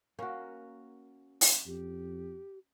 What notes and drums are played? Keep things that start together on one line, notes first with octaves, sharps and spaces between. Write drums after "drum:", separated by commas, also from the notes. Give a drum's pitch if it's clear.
A#3 C#4 F#4
drum: open hi-hat
F2 G4